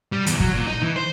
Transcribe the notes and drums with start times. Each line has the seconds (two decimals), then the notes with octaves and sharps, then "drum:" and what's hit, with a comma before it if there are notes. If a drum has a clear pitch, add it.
0.12 G3
0.26 E2, drum: hi-hat
0.40 F#3, drum: kick
0.53 A#2
0.67 D#4
0.82 E3
0.96 C5